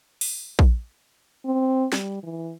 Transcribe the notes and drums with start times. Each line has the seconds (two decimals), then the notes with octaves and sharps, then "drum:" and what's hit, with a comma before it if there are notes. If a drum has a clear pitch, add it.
0.21 drum: open hi-hat
0.59 drum: kick A#1
1.46 C4
1.92 G3, drum: snare
2.23 E3